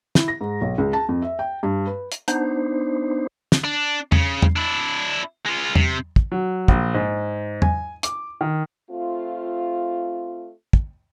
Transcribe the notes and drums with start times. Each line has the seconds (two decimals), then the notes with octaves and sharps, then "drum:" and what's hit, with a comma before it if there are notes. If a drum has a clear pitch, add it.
0.15 E4, drum: snare
0.28 A#6
0.41 G#2
0.61 B1
0.78 C#2
0.93 A5
1.09 F2
1.22 E5
1.39 G5
1.63 G2
1.87 B4
2.12 drum: hi-hat
2.28 B3 D4 D#4 C5, drum: hi-hat
3.52 drum: snare
3.64 D4
4.12 C#3, drum: tom E2
4.42 drum: tom E2
4.56 D4 E4
5.46 G#3 F4
5.75 C3, drum: tom E2
6.16 drum: kick
6.32 F#3
6.68 A#1, drum: kick
6.94 G#2
7.62 G#5, drum: tom E2
8.03 D6, drum: hi-hat
8.41 D#3
8.90 A3 C4 F4
10.73 drum: kick